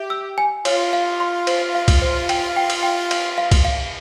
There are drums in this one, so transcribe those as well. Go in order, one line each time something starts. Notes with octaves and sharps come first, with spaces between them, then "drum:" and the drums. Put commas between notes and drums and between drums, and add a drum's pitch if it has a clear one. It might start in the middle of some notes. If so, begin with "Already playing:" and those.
Already playing: G4 E5
E6
G#5
F4 C#5, drum: cymbal
F5
C6
C5, drum: cymbal
F5
drum: kick B1, cymbal
C5
G5, drum: cymbal
G5
drum: cymbal
G5
F5, drum: cymbal
F5
drum: kick B1, cymbal
F5